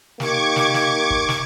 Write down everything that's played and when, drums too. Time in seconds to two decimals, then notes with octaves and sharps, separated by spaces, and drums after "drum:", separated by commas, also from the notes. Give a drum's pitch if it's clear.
0.20 A#3 D#4 G4 C#6 D6 G#6, drum: snare
0.56 drum: snare
0.74 drum: snare
1.10 drum: kick
1.28 drum: snare